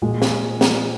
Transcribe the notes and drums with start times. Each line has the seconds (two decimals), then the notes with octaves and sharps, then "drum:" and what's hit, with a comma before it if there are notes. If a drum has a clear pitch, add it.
0.02 A#2 G#3 F4
0.22 drum: snare
0.61 drum: snare